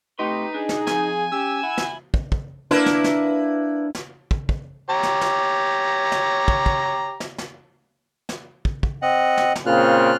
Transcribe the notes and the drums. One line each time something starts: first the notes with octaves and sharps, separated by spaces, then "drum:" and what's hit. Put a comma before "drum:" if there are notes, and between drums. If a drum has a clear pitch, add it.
C3 A3 D#4 G4 B4 C6
D4 G#4
drum: snare
F3 C4 G#5, drum: snare
C#4 G4 E6
E4 F#5
drum: snare
drum: kick
drum: kick
A#3 D4 E4 B4
drum: snare
drum: snare
drum: snare
drum: kick
drum: kick
G4 C#5 A#5
drum: snare
drum: snare
drum: snare
drum: kick
drum: kick
drum: snare
drum: snare
drum: snare
drum: kick
drum: kick
C4 D#5 F#5
drum: snare
drum: snare
A#2 C#3 C4 F4 F6 F#6